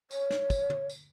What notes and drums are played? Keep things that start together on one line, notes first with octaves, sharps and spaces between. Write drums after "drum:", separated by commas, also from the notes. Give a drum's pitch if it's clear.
C#5, drum: tambourine
drum: snare
drum: kick, tambourine
drum: tom
drum: tambourine